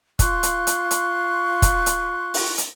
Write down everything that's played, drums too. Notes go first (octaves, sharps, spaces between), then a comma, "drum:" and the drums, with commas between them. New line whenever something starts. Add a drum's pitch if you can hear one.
F4 C6 C#6 F#6, drum: kick, hi-hat
drum: hi-hat
drum: hi-hat
drum: hi-hat
drum: kick, hi-hat
drum: hi-hat
drum: open hi-hat
drum: hi-hat